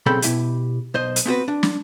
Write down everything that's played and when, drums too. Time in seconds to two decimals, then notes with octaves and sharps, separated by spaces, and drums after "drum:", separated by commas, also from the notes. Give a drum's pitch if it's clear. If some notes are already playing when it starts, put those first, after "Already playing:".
0.06 B1 C#3 C4 A4 G5 B5
0.22 B2 E3 E4 G4, drum: hi-hat
0.94 B1 C5 D#5
1.16 drum: hi-hat
1.26 B3 C4 F#4 B4
1.48 D4
1.63 drum: snare